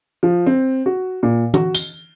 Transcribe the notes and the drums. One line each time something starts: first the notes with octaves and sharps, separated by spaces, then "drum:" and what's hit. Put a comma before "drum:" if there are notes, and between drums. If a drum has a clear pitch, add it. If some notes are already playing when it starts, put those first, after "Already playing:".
F3
C4
F#4
A#2
F#4, drum: tom E3
G7, drum: tambourine